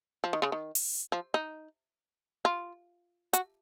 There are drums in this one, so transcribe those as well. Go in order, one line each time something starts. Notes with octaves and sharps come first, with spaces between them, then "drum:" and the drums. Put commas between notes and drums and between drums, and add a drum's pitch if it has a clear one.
F3
D#3
C#3
D#3
drum: open hi-hat
F3
D#4
F4
F#4, drum: hi-hat